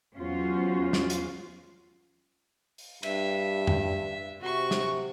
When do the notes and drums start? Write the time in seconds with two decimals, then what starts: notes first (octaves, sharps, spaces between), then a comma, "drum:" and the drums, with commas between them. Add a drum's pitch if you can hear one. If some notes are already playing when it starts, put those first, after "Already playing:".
0.17 E2 F#3 C#4 F4 F#4 C5
0.93 drum: snare
1.10 drum: hi-hat
2.78 drum: open hi-hat
3.03 G2 E5, drum: cymbal
3.67 drum: tom F2
4.41 C3 F#4 C#6
4.71 drum: snare